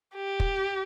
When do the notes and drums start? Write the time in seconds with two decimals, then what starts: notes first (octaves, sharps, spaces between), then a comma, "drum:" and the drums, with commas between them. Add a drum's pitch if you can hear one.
0.16 G4
0.40 drum: kick